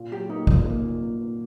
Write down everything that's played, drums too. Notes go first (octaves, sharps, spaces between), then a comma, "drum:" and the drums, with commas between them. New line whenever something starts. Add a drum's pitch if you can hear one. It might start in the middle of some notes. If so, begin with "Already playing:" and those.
Already playing: A#2
F#3 G4
A#3 D#4
A#2, drum: kick
A#3
A#2
A#2
A#2